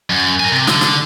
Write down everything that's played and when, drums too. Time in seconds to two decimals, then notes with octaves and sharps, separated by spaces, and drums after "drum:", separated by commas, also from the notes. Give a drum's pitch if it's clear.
0.10 F#2
0.40 A#4 G#5
0.52 C3
0.67 D3, drum: snare
0.81 drum: snare